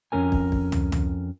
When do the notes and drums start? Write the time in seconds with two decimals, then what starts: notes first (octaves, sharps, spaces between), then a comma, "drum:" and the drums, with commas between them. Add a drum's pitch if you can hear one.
0.12 F2 A#2 C#4 A#4 G#5
0.32 drum: kick
0.52 drum: kick
0.72 drum: tom
0.92 drum: tom